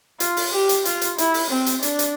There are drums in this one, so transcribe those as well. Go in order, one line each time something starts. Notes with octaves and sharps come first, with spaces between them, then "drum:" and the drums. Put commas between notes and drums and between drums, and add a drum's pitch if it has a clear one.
F4, drum: hi-hat
drum: open hi-hat
G4
drum: hi-hat
F4, drum: hi-hat
drum: hi-hat
E4, drum: hi-hat
drum: open hi-hat
C4
drum: hi-hat
D4, drum: hi-hat
drum: hi-hat